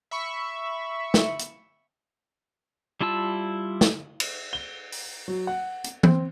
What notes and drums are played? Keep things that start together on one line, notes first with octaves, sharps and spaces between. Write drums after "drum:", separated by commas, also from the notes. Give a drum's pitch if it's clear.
E5 B5 C#6
drum: snare
drum: hi-hat
G3 E4 F4 A5 E6
drum: snare
drum: cymbal
G7
drum: open hi-hat
F#3
F#5
drum: hi-hat
C4, drum: tom